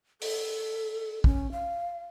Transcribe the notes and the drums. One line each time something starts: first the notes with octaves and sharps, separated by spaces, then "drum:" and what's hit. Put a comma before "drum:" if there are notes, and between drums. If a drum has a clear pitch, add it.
A4, drum: open hi-hat
C#4, drum: kick
F5